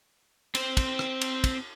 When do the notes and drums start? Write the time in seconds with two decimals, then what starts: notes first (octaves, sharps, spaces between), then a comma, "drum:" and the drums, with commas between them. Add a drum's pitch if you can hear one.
0.55 C4 C5, drum: cymbal
0.77 drum: kick, cymbal
0.99 drum: rim click
1.21 drum: cymbal
1.44 drum: kick, cymbal